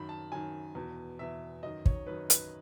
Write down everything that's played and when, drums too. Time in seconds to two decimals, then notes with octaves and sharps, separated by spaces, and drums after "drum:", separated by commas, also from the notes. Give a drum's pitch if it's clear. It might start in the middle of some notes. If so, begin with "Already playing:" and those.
Already playing: F#2 D#3 B5
0.09 A5
0.32 F#2 D#3 G#5
0.75 E2 B2
1.19 E2 B2 E5
1.63 F#2 D#3 D#5
1.86 C#5, drum: kick
2.07 F#2 D#3 B4
2.30 B4, drum: hi-hat